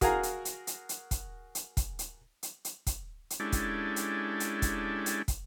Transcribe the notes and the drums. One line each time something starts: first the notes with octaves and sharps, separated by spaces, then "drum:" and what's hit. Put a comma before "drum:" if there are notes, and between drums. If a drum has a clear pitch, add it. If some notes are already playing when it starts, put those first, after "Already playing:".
F#4 G#4 A#4 F5 G#5 A#5, drum: kick, hi-hat
drum: hi-hat
drum: hi-hat
drum: hi-hat
drum: hi-hat
drum: kick, hi-hat
drum: hi-hat
drum: kick, hi-hat
drum: hi-hat
drum: hi-hat
drum: hi-hat
drum: kick, hi-hat
drum: hi-hat
G#3 C#4 D4 E4 G4 A4
drum: kick, hi-hat
drum: hi-hat
drum: hi-hat
drum: kick, hi-hat
drum: hi-hat
drum: kick, hi-hat